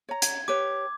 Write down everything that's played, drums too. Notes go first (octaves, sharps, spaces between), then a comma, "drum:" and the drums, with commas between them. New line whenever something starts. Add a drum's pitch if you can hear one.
C#5 A#5
G#6, drum: hi-hat
G4 B4 C#5 D6